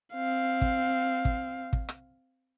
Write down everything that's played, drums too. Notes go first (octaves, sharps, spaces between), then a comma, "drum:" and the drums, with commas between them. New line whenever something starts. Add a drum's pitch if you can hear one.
C4 F5
drum: kick
drum: kick
drum: kick
drum: rim click